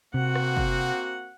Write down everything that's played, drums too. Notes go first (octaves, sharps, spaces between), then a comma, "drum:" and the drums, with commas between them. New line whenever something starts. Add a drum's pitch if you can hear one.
C3 A#3 C4 F#4 F#5
drum: rim click
drum: kick